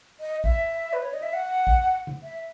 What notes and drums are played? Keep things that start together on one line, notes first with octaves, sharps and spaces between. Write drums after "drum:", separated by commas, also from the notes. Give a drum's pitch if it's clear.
D#5
E5, drum: kick A#1
B4
C#5
D#5
E5
F#5
drum: kick A#1
drum: tom C#3
E5